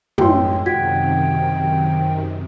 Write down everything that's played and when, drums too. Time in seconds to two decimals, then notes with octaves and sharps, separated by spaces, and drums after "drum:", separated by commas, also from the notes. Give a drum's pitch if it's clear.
0.18 A1 F#2 G#3 C#5 G5 C6, drum: tom
0.66 F#2 C3 D#3 F#4 G5 G#6 B6